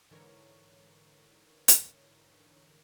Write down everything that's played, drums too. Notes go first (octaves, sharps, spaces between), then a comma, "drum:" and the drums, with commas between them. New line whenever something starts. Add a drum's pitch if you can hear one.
G#2 D3 E3 A#4 C#5
drum: hi-hat